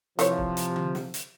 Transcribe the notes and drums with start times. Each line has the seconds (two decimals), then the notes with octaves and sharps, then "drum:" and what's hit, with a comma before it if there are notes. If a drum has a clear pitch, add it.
0.19 C3 E3 F3 C5 C#5, drum: hi-hat
0.38 drum: kick
0.57 drum: hi-hat
0.76 drum: tom D3
0.95 drum: snare
1.14 drum: hi-hat